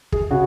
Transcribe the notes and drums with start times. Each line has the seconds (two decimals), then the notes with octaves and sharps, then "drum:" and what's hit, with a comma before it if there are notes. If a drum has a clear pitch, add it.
0.12 G#4, drum: kick
0.31 C#3 F#4